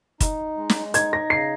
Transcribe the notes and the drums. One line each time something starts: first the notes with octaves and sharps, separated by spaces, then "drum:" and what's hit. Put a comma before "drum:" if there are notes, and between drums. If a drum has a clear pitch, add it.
D#4, drum: kick, hi-hat
G#3
drum: snare
D#4 G#6, drum: hi-hat
A#6
C#3 C7